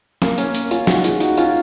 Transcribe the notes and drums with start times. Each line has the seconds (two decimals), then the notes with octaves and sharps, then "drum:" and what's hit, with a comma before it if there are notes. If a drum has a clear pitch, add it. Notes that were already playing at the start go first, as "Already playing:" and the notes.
0.22 A#3, drum: snare
0.38 A#3 C#4, drum: hi-hat
0.55 drum: hi-hat
0.71 C#4 F4, drum: hi-hat
0.87 D#4 F#4, drum: snare
1.04 F4 G#4, drum: hi-hat
1.20 D#4 F#4, drum: hi-hat
1.37 C#4 F4, drum: hi-hat